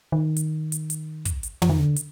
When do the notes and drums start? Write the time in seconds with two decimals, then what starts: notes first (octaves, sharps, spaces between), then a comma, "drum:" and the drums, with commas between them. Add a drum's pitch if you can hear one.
0.12 D#3
0.36 drum: hi-hat
0.72 drum: hi-hat
0.90 drum: hi-hat
1.25 drum: kick, hi-hat
1.43 drum: hi-hat
1.62 F3, drum: tom
1.69 D#3
1.79 D3
1.96 drum: hi-hat